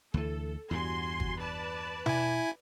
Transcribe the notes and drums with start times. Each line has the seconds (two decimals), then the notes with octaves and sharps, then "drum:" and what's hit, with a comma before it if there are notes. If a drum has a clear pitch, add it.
0.14 D2 E3 A4
0.71 E2 G2 F#4 G#5 C6
1.20 drum: kick
1.38 B4 D5 A5
2.06 E4 G#5, drum: tom B2